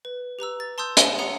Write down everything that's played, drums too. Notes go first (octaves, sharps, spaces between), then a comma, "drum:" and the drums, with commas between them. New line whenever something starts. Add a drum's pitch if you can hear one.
B4
G4 B4 A#5 E6
A6
A5 C6 D#6 E6 G6
C#5 E5 F#5 G#5 A5, drum: hi-hat
G4 F#5 A#5 D#6 C#7 G7